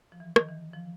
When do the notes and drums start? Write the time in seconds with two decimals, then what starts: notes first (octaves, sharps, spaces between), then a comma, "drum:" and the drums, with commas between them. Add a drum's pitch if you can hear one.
0.12 F3
0.20 E3
0.36 D#3, drum: rim click
0.49 E3
0.74 F3